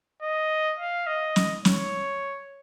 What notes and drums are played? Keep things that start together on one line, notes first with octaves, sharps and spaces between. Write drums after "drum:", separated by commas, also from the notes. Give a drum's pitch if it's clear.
D#5
F5
D#5
drum: snare
C#5, drum: snare